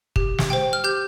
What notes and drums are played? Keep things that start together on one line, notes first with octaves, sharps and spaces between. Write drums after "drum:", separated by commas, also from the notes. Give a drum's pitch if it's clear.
G4, drum: kick
drum: snare
C5 G5
F6
G4 G6